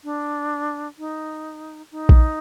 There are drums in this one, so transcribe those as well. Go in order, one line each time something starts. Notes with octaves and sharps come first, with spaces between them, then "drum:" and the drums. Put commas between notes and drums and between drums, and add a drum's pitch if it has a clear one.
D4
D#4
D#4
drum: kick A#1